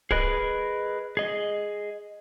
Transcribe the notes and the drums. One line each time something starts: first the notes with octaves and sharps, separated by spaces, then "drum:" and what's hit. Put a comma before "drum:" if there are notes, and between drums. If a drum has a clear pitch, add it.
G#4 A#4 B4 D#5, drum: kick D1
G#4 D#5